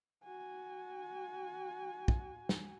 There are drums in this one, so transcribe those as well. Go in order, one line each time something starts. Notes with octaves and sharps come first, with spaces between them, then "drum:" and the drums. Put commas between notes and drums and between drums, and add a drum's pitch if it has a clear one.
F#4 G#5
drum: kick
drum: snare